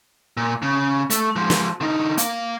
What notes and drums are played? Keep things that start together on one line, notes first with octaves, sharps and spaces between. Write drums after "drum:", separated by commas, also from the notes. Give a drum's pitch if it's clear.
A#2
C#3
A3, drum: hi-hat
F3 G#3
drum: snare
D3 D#4
A#3 F5, drum: hi-hat